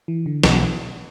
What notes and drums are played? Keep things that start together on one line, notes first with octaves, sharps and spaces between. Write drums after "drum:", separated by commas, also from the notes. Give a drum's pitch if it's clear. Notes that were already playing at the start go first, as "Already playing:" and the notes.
E3
D3
B1 B2 E3 G#3, drum: snare